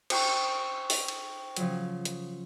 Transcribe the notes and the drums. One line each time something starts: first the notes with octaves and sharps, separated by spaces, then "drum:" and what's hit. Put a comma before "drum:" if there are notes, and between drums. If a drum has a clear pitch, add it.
C5 G5 C#6, drum: cymbal
drum: open hi-hat
drum: cymbal
C#3 F3 F#3, drum: hi-hat
drum: hi-hat